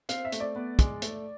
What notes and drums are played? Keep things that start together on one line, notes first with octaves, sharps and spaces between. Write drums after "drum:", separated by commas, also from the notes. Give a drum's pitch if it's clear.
C4 F5, drum: hi-hat
E5
A3, drum: hi-hat
D5
B3
G#3, drum: kick, hi-hat
A3, drum: hi-hat